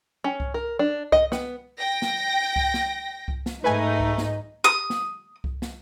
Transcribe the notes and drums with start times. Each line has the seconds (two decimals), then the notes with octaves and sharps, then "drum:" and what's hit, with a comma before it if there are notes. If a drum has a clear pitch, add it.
0.24 C#4
0.40 drum: kick C2
0.54 A#4
0.79 D4
1.12 D#5, drum: kick C2
1.32 B3, drum: snare
1.80 G5 A#6
2.02 drum: snare
2.56 drum: kick C2
2.74 drum: snare
3.28 drum: kick C2
3.46 drum: snare
3.64 G#2 A3 D#4 B4 G#5
4.00 drum: kick C2
4.18 drum: snare
4.64 D#6
4.90 drum: snare
5.44 drum: kick C2
5.62 drum: snare